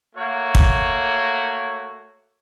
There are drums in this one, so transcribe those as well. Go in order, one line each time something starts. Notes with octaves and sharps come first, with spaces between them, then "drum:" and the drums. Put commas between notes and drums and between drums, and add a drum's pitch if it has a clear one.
A3 A#3 F#4 C#5
drum: kick